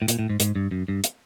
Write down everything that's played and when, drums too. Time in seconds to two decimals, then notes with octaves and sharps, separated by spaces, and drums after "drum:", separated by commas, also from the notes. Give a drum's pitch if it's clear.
0.02 A2
0.08 A#2, drum: hi-hat
0.19 A2
0.30 G#2
0.40 G#2, drum: hi-hat
0.56 G2
0.71 F#2
0.88 G2
1.04 drum: hi-hat